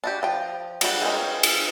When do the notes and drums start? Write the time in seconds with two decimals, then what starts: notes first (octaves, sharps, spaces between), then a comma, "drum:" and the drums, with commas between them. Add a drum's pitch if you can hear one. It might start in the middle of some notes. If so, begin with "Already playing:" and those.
0.04 D4 F#4 G4
0.23 F3 G5
0.81 F#3 G3 F#4, drum: cymbal
1.02 G#3 C#4 A#4 G5
1.43 drum: cymbal